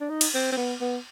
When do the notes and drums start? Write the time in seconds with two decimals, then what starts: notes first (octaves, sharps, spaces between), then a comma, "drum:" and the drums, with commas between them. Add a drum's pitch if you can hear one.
0.01 D4
0.10 D#4
0.21 drum: cymbal
0.34 C4
0.52 C4
0.57 B3
0.81 B3